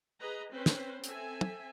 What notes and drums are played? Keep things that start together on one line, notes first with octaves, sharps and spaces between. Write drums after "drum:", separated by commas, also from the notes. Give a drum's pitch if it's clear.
G#4 B4 D#5 A#5
C4 C#4 B4 C5
drum: snare
C4 A4 E5 G#5, drum: hi-hat
drum: tom